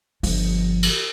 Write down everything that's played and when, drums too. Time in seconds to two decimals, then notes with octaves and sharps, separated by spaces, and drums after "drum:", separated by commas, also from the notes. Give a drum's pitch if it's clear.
0.23 G1 F3, drum: open hi-hat
0.82 drum: cymbal